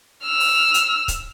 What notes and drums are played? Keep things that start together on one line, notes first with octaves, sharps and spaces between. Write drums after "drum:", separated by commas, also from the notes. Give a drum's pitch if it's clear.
E6 F6
drum: open hi-hat
drum: hi-hat
drum: kick C#1, hi-hat